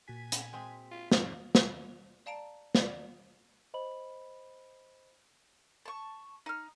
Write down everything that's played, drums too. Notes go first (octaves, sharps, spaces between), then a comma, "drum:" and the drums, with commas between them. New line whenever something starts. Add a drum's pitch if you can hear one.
A#2 F#4 G#5 B6
drum: hi-hat
G#3 C4
F4
G#2 F3 C4 C#5, drum: snare
drum: snare
D5 F5 A5 A#5 D7
D5, drum: snare
C5 D#5 B5 F#7
A5 C#6
D#4 F6